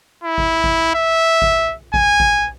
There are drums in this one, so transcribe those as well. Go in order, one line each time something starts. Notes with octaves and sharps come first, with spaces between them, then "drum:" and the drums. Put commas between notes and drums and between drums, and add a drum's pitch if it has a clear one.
E4
drum: kick G#1
drum: kick G#1
E5
drum: kick G#1
G#5, drum: kick G#1
drum: kick G#1